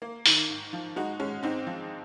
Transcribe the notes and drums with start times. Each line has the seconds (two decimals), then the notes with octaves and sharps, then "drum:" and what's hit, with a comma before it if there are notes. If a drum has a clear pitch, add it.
0.02 A#3
0.26 D#3, drum: open hi-hat
0.49 G#2
0.73 F3
0.96 G#3 D#4 F#4
1.20 G#3 C#4
1.43 G#2 C4 D#4
1.67 F3